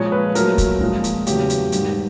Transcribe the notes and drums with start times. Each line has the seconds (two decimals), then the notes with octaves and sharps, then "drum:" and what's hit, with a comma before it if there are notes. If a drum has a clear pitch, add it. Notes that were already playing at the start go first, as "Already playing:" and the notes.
Already playing: A#2 F3 G#3 C#5
0.12 B4
0.35 A#2 F#3 A3 A#4, drum: hi-hat
0.58 drum: kick, hi-hat
0.81 A#2 F3 G#3
1.04 drum: hi-hat
1.27 E2 C#3 F#3 A3 G4, drum: hi-hat
1.50 drum: hi-hat
1.72 G#2 D#3 G3, drum: hi-hat